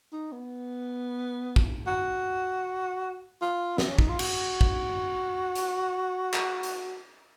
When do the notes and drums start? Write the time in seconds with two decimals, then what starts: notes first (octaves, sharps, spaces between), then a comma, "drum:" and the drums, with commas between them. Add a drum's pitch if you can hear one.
0.12 D#4
0.32 B3
1.56 drum: kick
1.87 F#4
3.42 F4
3.78 B3, drum: snare
3.88 C#4
3.99 D#4, drum: kick
4.09 F4
4.19 F#4, drum: cymbal
4.61 drum: kick
5.55 drum: hi-hat
6.34 drum: clap
6.63 drum: hi-hat